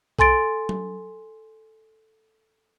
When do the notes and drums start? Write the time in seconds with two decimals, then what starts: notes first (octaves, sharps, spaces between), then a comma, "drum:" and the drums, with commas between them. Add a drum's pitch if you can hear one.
0.19 A4 G#5 C6 A6 D7, drum: kick B1
0.69 drum: tom F#3